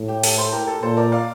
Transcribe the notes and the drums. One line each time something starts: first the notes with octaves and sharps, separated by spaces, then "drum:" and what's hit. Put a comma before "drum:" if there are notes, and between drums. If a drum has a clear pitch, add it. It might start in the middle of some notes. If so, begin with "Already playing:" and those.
Already playing: A2
G4
A4, drum: open hi-hat
A4 C5
G4 A#4
A4
A#2 A4 C5
A#4 D5
D5 F5